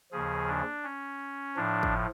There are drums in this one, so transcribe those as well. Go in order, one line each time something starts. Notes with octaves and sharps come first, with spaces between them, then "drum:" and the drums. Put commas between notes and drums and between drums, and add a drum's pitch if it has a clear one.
D#2 C#3 F3 G#4
D4
C#4
A2 F3 D4
drum: kick